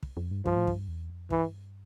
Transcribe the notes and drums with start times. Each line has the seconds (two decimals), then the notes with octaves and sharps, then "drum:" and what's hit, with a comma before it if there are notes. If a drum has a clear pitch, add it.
0.03 drum: kick
0.17 F2
0.31 G2
0.46 G2 F3, drum: kick
0.57 A2
0.67 G2, drum: kick
0.88 E2
1.10 F2
1.30 G2 E3, drum: kick